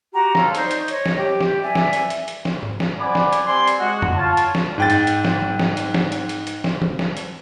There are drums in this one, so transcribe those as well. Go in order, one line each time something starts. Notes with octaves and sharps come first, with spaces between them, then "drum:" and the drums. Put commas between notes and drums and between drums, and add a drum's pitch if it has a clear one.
F#4 G4 A#5
F4 A4 C#5, drum: snare
D#4 C5 D5 C#6, drum: hi-hat
drum: hi-hat
C#5 D#5, drum: hi-hat
drum: snare
G4
drum: snare
D5 E5 G#5
drum: snare
drum: hi-hat
drum: hi-hat
drum: hi-hat
drum: snare
drum: tom G#2
drum: snare
C5 D5 F#5 G#5 B5 D6
drum: snare
drum: hi-hat
G3 C4 D5 G#5 C6
drum: hi-hat
G#3 F#4
drum: tom F2
F4 C#5 A5
drum: hi-hat
drum: snare
G#2 G5 A6
drum: hi-hat
drum: hi-hat
drum: snare
drum: tom
drum: snare
drum: hi-hat
drum: snare
drum: hi-hat
drum: hi-hat
drum: hi-hat
drum: snare
drum: tom
drum: snare
drum: hi-hat